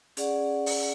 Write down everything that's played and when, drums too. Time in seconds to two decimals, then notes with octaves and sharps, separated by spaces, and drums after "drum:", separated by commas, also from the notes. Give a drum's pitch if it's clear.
0.17 C#4 G#4 D5 F#5, drum: hi-hat
0.66 drum: open hi-hat